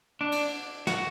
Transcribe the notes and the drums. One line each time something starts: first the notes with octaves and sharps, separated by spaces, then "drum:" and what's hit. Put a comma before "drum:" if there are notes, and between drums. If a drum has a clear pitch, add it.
D4
drum: cymbal
F#4, drum: snare